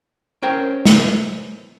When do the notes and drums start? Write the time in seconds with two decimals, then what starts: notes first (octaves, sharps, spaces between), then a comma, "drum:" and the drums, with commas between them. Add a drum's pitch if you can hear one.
0.42 C#4 A#4 C5 C#5 G5
0.85 drum: snare